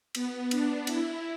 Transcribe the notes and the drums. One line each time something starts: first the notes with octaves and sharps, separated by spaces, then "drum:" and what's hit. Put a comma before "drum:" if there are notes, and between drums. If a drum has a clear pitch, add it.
B3, drum: cymbal
D4, drum: cymbal
E4, drum: cymbal